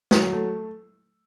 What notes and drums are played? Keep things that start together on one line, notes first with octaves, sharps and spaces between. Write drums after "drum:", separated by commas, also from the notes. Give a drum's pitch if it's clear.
F#3, drum: snare
A3